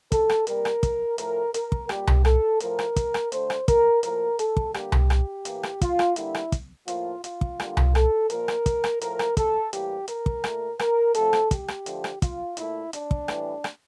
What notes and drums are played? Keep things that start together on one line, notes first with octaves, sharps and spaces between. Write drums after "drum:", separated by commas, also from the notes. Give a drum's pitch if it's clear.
A4, drum: kick, hi-hat
drum: rim click
C3 G3 A#3 A#4, drum: hi-hat
drum: rim click
drum: kick, hi-hat
A2 F3 A3 A#4, drum: hi-hat
A#4, drum: hi-hat
drum: kick
A#2 G3 A#3 G4, drum: rim click
drum: tom C2
A4, drum: rim click
A2 F3 A3 A#4, drum: hi-hat
drum: rim click
drum: kick, hi-hat
drum: rim click
D3 A3 C5, drum: hi-hat
drum: rim click
A#4, drum: kick, hi-hat
A2 F3 A#3 A#4, drum: hi-hat
A4, drum: hi-hat
drum: kick
D3 G3 A#3 G4, drum: rim click
drum: tom C2
G4, drum: rim click
A2 E3 A#3, drum: hi-hat
drum: rim click
F4, drum: kick, hi-hat
drum: rim click
D3 G3 A#3 E4, drum: hi-hat
drum: rim click
drum: kick, hi-hat
A2 F3 A#3 F4, drum: hi-hat
F4, drum: hi-hat
drum: kick
D3 G3 A#3, drum: rim click
drum: tom C2
A4, drum: rim click
A#2 F3 A#3 A#4, drum: hi-hat
drum: rim click
drum: kick, hi-hat
drum: rim click
A2 F3 A3 A#4, drum: hi-hat
drum: rim click
A4, drum: kick, hi-hat
A2 E3 G3 A#3 G4, drum: hi-hat
A#4, drum: hi-hat
drum: kick
A#2 A3, drum: rim click
A#4, drum: rim click
C3 F3 A3 A4, drum: hi-hat
drum: rim click
G4, drum: kick, hi-hat
drum: rim click
D3 F3 A3, drum: hi-hat
drum: rim click
F4, drum: kick, hi-hat
A#2 A3 E4, drum: hi-hat
D4, drum: hi-hat
drum: kick
A2 E3 G3, drum: rim click
drum: rim click